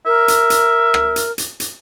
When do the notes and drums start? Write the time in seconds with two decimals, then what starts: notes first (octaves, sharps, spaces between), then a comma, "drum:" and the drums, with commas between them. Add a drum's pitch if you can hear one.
0.06 A#4 E5
0.28 drum: hi-hat
0.50 drum: hi-hat
0.94 drum: rim click
1.16 drum: hi-hat
1.38 drum: hi-hat
1.60 drum: hi-hat